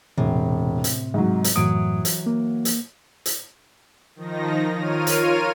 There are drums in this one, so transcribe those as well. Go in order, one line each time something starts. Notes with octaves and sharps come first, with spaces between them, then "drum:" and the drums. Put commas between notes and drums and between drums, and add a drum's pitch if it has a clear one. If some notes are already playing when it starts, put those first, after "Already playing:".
E1 A2 C3
drum: hi-hat
G#2 F#3
drum: hi-hat
F#2 A2 E3 F#3 D#6 D7
drum: hi-hat
A#3
drum: hi-hat
drum: hi-hat
D#3 F3 D#4 A#6
F4 A#4 C#5 F6 D#7
drum: hi-hat